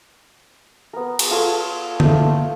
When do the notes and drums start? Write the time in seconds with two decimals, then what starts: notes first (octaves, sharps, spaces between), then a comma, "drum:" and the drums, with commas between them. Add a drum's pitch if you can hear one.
0.93 B3 A#4
1.19 drum: cymbal
1.31 F4 A4 C#5
2.00 A3 F4, drum: tom D3